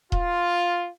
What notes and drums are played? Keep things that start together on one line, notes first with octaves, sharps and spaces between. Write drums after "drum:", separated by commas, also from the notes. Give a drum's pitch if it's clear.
F4, drum: kick D#1